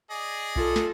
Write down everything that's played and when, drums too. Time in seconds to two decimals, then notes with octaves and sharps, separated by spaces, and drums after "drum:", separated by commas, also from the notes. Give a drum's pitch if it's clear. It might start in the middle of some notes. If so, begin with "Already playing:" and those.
0.11 G#4 D5 D#5
0.56 F4 A4, drum: kick B1
0.76 drum: snare